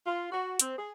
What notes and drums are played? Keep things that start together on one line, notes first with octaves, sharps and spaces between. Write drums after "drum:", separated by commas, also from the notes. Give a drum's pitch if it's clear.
F4
F#4
C4, drum: hi-hat
G#4